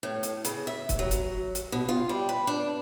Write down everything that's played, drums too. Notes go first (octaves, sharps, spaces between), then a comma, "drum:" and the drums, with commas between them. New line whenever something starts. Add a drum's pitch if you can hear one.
A2
drum: hi-hat
C#3, drum: hi-hat
E5
drum: kick, hi-hat
F#3
drum: hi-hat
drum: hi-hat
B2
F4
G3
B4
D4